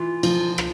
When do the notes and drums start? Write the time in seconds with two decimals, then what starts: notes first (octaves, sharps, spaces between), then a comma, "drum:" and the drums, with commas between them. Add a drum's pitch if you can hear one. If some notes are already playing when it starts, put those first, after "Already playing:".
Already playing: E3 F4
0.23 F3, drum: cymbal
0.58 drum: rim click